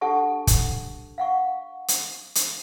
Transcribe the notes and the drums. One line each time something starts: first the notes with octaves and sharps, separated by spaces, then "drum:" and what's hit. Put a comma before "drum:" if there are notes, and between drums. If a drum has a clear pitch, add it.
D4 G4 A4 F#5 A5 C#6
drum: kick, hi-hat
F5 F#5 C#6
drum: hi-hat
drum: hi-hat